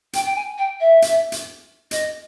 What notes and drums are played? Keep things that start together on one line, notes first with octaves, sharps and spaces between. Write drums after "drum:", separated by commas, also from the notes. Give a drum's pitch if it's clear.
G5, drum: hi-hat
G5
G#5
G5
E5
drum: hi-hat
drum: hi-hat
D#5, drum: hi-hat